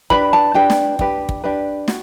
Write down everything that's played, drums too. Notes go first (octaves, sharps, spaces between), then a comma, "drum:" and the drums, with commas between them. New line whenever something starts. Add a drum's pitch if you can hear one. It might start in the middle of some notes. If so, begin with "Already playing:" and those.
D4 G4 B4 B5, drum: kick
A5
D4 G4 B4 G5
drum: snare
D4 G4 B4, drum: kick
drum: kick
D4 G4 B4
F#4, drum: snare